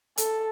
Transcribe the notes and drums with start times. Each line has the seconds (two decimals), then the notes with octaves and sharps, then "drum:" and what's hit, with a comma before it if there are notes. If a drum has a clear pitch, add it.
0.18 A4, drum: hi-hat